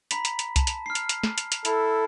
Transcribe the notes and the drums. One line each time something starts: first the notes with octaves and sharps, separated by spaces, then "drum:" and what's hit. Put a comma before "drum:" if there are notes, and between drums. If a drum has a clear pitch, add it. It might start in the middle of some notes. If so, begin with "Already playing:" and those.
A#5 B5 B6, drum: hi-hat
drum: hi-hat
drum: hi-hat
A5, drum: kick C2, hi-hat
drum: hi-hat
F6 C7
drum: hi-hat
drum: hi-hat
drum: snare
drum: hi-hat
drum: hi-hat
E4 A4, drum: hi-hat